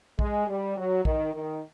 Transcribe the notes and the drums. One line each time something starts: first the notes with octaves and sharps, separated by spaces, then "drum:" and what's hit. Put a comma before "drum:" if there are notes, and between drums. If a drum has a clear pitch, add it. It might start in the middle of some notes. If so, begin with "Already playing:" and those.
G#3, drum: kick A#1
G3
F#3
D#3, drum: kick A#1
D#3